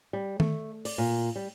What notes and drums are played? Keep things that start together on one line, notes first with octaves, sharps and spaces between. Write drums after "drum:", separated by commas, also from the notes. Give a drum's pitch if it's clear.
G3
A3, drum: tom D#3
D5, drum: open hi-hat
A#2
G3